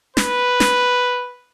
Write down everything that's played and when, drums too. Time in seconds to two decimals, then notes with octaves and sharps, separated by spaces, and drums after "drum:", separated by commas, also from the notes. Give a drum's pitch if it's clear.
0.17 B4, drum: snare
0.60 drum: snare